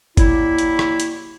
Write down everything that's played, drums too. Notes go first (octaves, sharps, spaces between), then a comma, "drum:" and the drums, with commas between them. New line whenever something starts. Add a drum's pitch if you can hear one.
F#3 G3 A#3 E4, drum: kick, hi-hat
drum: hi-hat
drum: rim click
drum: hi-hat